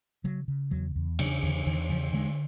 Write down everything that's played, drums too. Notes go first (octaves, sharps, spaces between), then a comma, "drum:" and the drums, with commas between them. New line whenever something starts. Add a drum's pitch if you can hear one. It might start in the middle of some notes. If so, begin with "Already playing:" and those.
C#3 F#3
C#3
E2 F#3
E2
C#3 F#3, drum: cymbal
E2 D3
E2 D#3
C#3 F3
D3 G#3